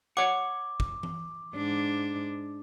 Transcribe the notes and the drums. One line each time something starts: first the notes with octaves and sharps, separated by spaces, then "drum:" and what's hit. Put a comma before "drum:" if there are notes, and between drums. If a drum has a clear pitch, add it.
C#5 F#5 D6
drum: kick
drum: tom E3
G#2 D4